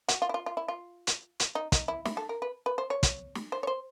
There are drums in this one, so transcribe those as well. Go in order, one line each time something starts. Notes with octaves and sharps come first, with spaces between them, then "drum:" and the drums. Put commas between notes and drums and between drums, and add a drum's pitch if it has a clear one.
F#4, drum: hi-hat
F4
E4
F4
F4
E4
F4
drum: hi-hat
drum: hi-hat
D#4
D#4, drum: kick, hi-hat
E4
E4, drum: snare
A4
A#4
B4
B4
C5
C#5
drum: kick, hi-hat
drum: snare
C5
C#5
C5